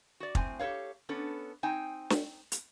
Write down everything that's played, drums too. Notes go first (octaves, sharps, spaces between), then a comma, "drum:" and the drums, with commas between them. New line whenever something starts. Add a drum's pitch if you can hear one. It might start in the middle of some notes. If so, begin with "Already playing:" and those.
F#4 D5
A2 C4 G#5, drum: kick
G4 A4 B4 C#5 F5
B3 C#4 D4 A4
C4 D#4 G5 G#5
drum: snare
drum: hi-hat